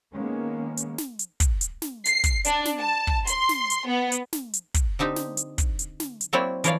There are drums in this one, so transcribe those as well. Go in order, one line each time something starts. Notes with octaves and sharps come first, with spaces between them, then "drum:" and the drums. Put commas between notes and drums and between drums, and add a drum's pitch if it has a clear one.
D#3 G#3 A#3 B3 C#4
drum: hi-hat
drum: snare
drum: hi-hat
drum: kick, hi-hat
drum: hi-hat
drum: snare
C7, drum: hi-hat
drum: kick, hi-hat
D4, drum: hi-hat
drum: snare
A5
drum: kick
C6, drum: hi-hat
drum: snare
drum: hi-hat
B3
drum: hi-hat
drum: snare
drum: hi-hat
drum: kick, hi-hat
D3 C4 D#4 G4
drum: snare
drum: hi-hat
drum: kick, hi-hat
drum: hi-hat
drum: snare
drum: hi-hat
F#3 A#3 C4 E4 C#5 D5
E3 F3 A#4 C#5 D5 F5, drum: hi-hat